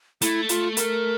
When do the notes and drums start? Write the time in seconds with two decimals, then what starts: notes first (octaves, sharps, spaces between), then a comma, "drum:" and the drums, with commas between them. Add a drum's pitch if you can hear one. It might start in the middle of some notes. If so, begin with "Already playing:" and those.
0.22 A3 E4, drum: hi-hat
0.49 F4, drum: hi-hat
0.77 A#4, drum: hi-hat